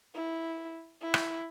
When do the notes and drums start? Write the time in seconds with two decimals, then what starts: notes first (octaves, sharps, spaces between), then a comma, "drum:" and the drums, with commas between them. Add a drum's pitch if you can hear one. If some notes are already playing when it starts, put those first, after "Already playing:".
0.15 E4
1.01 E4
1.14 drum: rim click